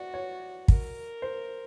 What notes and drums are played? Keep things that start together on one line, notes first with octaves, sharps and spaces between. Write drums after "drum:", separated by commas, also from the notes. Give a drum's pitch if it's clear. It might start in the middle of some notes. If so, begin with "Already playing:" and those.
Already playing: F#4 D5
C#5
A#4, drum: kick
C5